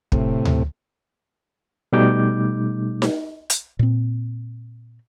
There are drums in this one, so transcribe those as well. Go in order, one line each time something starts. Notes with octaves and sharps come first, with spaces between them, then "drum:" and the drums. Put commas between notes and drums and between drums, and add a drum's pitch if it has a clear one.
A2 C3, drum: kick
drum: tom D2
B2 G3 A3 D#4 D6 G6
drum: snare D#4
drum: hi-hat
A#2 C4